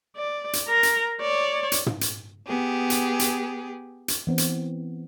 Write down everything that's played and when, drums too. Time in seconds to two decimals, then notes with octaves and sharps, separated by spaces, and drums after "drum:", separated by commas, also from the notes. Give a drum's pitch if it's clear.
0.17 D5
0.53 drum: hi-hat
0.68 A#4 A#5
0.83 drum: hi-hat
1.21 C#5 D5
1.72 drum: hi-hat
1.86 drum: tom
2.01 drum: hi-hat
2.48 B3 G4 G#4
2.90 drum: hi-hat
3.19 drum: hi-hat
4.08 drum: hi-hat
4.27 E3 B3 C4
4.38 drum: hi-hat